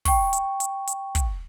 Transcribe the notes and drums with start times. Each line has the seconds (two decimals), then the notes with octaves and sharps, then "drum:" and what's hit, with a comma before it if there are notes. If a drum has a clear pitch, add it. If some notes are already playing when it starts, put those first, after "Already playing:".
0.05 G5 C#6, drum: kick, open hi-hat
0.33 drum: hi-hat
0.60 drum: hi-hat
0.87 drum: hi-hat
1.15 drum: kick, hi-hat